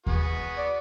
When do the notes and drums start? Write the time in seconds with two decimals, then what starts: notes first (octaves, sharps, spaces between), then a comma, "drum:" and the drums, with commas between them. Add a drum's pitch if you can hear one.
0.07 B3 F#4 G#4, drum: kick D#2
0.58 D5